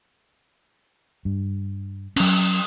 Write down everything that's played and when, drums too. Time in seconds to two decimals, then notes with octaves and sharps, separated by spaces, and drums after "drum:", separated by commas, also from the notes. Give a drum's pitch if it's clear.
1.25 G2
2.16 F#3 C#4, drum: cymbal